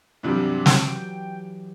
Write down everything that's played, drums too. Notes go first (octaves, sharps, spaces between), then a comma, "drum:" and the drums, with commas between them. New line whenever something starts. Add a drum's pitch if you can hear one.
G2 C3 E3 F#3 G3 G4
G5, drum: snare